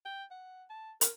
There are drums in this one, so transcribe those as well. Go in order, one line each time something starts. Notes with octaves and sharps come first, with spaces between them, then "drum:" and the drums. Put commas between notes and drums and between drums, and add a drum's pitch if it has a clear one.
G5
F#5
A5
A#4, drum: hi-hat